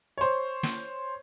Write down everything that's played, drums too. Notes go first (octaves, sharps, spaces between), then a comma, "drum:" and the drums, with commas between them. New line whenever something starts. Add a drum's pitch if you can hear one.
C5 C#5
drum: snare